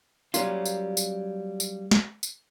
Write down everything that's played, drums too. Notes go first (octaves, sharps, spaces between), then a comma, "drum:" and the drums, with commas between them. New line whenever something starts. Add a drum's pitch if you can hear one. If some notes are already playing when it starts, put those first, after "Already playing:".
F#3 G3 A#3 C#4 F4, drum: tambourine
drum: tambourine
drum: tambourine
drum: tambourine
drum: snare
drum: tambourine